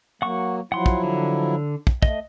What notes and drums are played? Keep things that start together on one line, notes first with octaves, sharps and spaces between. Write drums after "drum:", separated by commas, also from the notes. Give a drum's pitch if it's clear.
F#3 A#3 F#5 C#6
F3 F#3 E4 F#5 C6
drum: kick
D3
drum: kick
A3 D#5, drum: kick